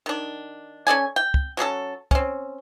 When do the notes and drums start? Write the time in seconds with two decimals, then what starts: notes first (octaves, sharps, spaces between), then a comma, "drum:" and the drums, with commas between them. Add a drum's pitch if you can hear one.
0.06 D#3 D4
0.87 C#4 A4 D5 G#5
1.16 G5
1.34 drum: kick
1.57 F#3 C#4 G#4 A4
2.11 C4 C#4, drum: kick